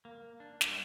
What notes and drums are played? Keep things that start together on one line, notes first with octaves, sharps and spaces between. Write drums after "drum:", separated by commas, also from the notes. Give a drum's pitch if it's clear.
A#3
D4
G3, drum: snare